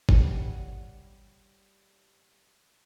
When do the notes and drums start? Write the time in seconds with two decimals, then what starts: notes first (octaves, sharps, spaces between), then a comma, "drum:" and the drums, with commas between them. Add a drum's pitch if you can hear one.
0.09 G3 C#5 F#5, drum: kick G1